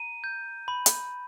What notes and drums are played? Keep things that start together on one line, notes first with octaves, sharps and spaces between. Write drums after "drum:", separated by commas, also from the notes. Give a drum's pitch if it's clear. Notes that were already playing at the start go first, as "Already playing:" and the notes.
Already playing: A#5 D#7
G6
B5
drum: hi-hat